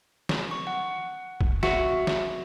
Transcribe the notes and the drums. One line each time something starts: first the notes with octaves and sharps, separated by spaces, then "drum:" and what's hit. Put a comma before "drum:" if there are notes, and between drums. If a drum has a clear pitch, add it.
drum: snare
C#6
F#5
drum: kick
F#4 E5, drum: snare
drum: snare